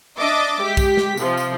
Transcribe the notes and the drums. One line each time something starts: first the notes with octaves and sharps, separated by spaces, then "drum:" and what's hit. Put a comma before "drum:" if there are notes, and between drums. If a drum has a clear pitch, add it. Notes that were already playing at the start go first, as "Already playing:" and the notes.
D4 D#5 E5 D6 A6
G#3 G4 B6
drum: kick, tambourine
drum: snare
C3 F3, drum: tambourine
drum: tambourine